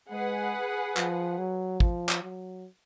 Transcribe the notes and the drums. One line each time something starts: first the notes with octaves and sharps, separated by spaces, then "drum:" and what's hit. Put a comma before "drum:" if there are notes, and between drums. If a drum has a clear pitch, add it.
G#3 G#4 B4 F#5
F3, drum: clap
F#3
F3, drum: kick
drum: clap
F#3